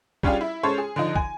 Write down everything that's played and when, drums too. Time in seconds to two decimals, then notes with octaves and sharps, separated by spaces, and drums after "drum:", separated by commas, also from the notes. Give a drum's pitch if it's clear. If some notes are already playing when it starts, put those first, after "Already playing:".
0.23 G3 C#4 D4 F4 G4 G#4, drum: kick
0.41 E4
0.63 G#3 C#4 A4 C5 C#5
0.78 G#4
0.96 D3 F3 D#4
1.15 G#5, drum: kick